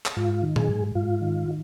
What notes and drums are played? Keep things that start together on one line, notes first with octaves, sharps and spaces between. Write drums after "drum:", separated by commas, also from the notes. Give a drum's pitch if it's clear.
drum: clap
G#2 F4
D#3
G#4, drum: tom A#2
G#2
G#2 F4
D#3